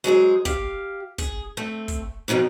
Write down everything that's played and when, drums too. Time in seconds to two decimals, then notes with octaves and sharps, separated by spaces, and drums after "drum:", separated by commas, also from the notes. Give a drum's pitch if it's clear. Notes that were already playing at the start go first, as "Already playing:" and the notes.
0.04 F#3 G#3 G#4 C5
0.45 G4 F5, drum: kick, hi-hat
1.18 G#4, drum: kick, hi-hat
1.57 A3 C4
1.88 drum: kick, hi-hat
2.28 F2 B2 D#3 F3 G5